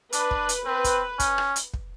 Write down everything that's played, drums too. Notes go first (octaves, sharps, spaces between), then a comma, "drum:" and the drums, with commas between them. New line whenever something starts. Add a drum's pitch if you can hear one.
D4 B4, drum: hi-hat
drum: kick
drum: hi-hat
C4 B4
drum: kick, hi-hat
C#4, drum: kick, hi-hat
drum: rim click
drum: hi-hat
drum: kick